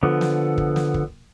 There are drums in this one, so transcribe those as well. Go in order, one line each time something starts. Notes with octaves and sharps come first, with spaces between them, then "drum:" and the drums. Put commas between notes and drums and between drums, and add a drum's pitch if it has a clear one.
D3 F3 B3
drum: snare
drum: kick
drum: snare
drum: kick